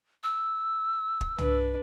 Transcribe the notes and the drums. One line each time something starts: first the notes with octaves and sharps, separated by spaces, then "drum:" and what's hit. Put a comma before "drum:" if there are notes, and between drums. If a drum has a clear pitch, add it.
E6
drum: kick
D4 B4, drum: tom